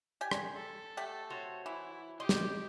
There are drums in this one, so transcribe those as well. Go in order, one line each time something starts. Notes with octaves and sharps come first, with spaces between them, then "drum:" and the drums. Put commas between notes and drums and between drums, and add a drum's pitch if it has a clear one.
G4 G5 G#5
drum: rim click
A4
A3 G4 F#5
F#4 C5 C#5
E3 E4
G4 D#5 C6
drum: snare